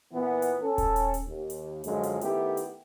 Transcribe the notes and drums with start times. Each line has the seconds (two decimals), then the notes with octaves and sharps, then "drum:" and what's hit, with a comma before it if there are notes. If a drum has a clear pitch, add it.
0.13 A#2 E3 B3
0.42 drum: hi-hat
0.61 C#4 A4
0.78 drum: kick D#1, hi-hat
0.96 drum: hi-hat
1.14 drum: hi-hat
1.27 D#2
1.50 drum: hi-hat
1.84 F#2 D3 F3 G#3, drum: hi-hat
2.03 drum: hi-hat
2.21 D#3 A3 B3 E4 G4, drum: hi-hat
2.57 drum: hi-hat